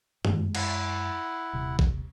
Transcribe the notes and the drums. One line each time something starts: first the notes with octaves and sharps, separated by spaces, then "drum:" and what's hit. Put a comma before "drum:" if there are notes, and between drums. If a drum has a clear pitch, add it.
F#2 G#3, drum: tom G2
E4 F#5, drum: cymbal
D#1 C3
drum: kick